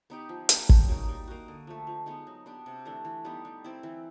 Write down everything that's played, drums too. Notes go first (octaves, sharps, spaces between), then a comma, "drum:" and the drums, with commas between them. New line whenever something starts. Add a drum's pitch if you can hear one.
B3 D#4 G4
F3
A#3 D4 G4, drum: hi-hat
C#3, drum: kick
F#3 A#3 D#4
G3
A#3 D#4 F#4
D3
F3 A3
F3
G#3 B3 D#4
F#3
B3 D4 G4
C3
E3 A3 D4
E3
G3 B3 D#4
G3
C4 E4
E3